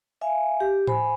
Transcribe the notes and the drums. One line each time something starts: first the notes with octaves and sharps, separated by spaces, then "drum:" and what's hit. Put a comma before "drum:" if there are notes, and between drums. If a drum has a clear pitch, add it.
E5 F5 G#5
G4
C5 G#5 B5, drum: tom A2